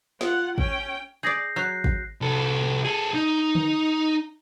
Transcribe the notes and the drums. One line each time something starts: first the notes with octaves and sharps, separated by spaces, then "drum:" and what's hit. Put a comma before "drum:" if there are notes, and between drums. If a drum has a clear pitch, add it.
F4 F#5, drum: snare
C#4 G5, drum: kick
G#4 D5 G6 A#6 C7
F#3 F#6 C7
drum: kick
C2 A4
G#4 A4
D#4
drum: tom D3